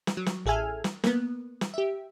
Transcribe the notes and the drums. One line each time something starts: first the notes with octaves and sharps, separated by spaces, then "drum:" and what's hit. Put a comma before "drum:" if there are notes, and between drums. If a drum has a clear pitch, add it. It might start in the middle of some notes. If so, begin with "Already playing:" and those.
drum: snare
F#3
drum: snare
A1 G#4 A4 E5 G#5 F6
drum: snare
A#3 B3, drum: snare
drum: snare
G4 E5